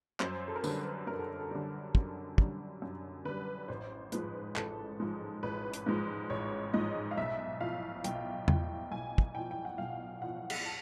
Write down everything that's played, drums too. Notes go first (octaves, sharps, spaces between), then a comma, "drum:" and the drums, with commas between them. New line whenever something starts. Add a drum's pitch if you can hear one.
F#2 C5, drum: clap
A4
A#4
D3 G3 B4, drum: tambourine
F#2 A#4
A4
A4
D3 G3
F#2, drum: kick
D3 G3, drum: kick
F#2
D3 G3 B4
A1 C5
G#2 F3 G#3 B4, drum: hi-hat
A1 A4, drum: clap
G#2 F3 G#3
A1 B4
drum: hi-hat
G#2 F3 G#3
A1 C#5
G#2 F3 G#3 D#5
F5
B1 E5
A2 F3 F5
B1 G5, drum: hi-hat
A2 F3 G5, drum: tom E2
B1 G#5
drum: kick
A2 F3 G5
G5
F#5
B1 F5
A2 F3 F#5
drum: cymbal
A5